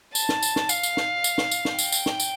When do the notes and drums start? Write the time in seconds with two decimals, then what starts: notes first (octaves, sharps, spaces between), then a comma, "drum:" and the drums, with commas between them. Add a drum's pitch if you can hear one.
0.15 A5, drum: tambourine
0.29 drum: snare
0.43 drum: tambourine
0.56 drum: snare
0.69 F5, drum: tambourine
0.83 drum: tambourine
0.97 drum: snare
1.24 drum: tambourine
1.38 drum: snare
1.52 drum: tambourine
1.65 drum: snare
1.79 G5, drum: tambourine
1.92 drum: tambourine
2.06 drum: snare
2.20 drum: tambourine